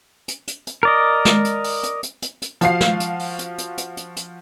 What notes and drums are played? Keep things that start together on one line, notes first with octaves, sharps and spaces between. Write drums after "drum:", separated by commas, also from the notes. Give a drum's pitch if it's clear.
drum: hi-hat
drum: hi-hat
drum: hi-hat
A#4 D5 D#5
drum: snare
drum: hi-hat
drum: open hi-hat
drum: hi-hat
drum: hi-hat
drum: hi-hat
drum: hi-hat
F3 F#4 F5 C7, drum: hi-hat
drum: snare
drum: hi-hat
drum: open hi-hat
drum: hi-hat
drum: hi-hat
drum: hi-hat
drum: hi-hat
drum: hi-hat